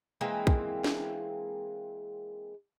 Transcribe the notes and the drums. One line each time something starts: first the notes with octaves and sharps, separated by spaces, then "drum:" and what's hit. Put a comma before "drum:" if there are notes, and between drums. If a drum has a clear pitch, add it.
E3 G#3 A#3 C4
drum: kick
drum: snare